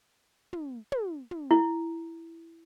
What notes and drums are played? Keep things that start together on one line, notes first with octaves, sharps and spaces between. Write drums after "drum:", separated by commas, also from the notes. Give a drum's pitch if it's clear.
drum: tom
drum: tom
drum: tom
E4